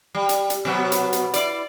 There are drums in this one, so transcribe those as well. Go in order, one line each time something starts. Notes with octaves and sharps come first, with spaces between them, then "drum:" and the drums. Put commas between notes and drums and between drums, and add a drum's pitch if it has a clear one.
G3
drum: hi-hat
drum: hi-hat
B2 F#3 B3
drum: hi-hat
drum: hi-hat
E4 D5, drum: hi-hat